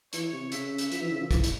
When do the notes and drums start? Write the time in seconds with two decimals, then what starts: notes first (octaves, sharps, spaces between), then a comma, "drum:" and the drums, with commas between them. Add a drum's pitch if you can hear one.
0.13 E3 C#5, drum: hi-hat
0.33 C3
0.52 C#3 E5, drum: hi-hat
0.78 drum: hi-hat
0.92 F3, drum: hi-hat
1.01 E3
1.11 C#3
1.21 F3
1.31 E3, drum: kick, hi-hat
1.44 drum: hi-hat